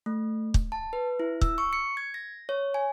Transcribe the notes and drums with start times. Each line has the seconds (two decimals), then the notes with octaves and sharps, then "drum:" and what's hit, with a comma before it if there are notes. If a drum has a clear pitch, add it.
0.06 A3
0.54 drum: kick
0.72 A5
0.93 B4
1.20 E4
1.41 E6, drum: kick
1.58 C#6
1.73 C#7
1.97 G#6
2.14 A#6
2.49 C#5
2.74 G#5